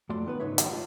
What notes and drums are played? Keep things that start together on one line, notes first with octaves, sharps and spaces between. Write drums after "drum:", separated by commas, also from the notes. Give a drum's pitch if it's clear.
F2 F#3 A3 D5 C6
D#3 B3 B4
G#2 C#3 D#4 C#5 E5
D#3 G3, drum: hi-hat
F4